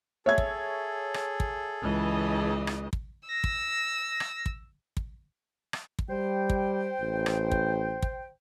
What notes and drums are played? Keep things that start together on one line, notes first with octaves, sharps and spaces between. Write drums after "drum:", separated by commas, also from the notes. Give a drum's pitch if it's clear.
G#4 A4 C#5 E5 G#6
drum: kick
drum: rim click
drum: kick
C#2 E3 D#5
drum: rim click
drum: kick
E6 A#6
drum: kick
drum: rim click
drum: kick
drum: kick
drum: rim click
drum: kick
G3 C5 G5
drum: kick
A1
drum: rim click
drum: kick
drum: kick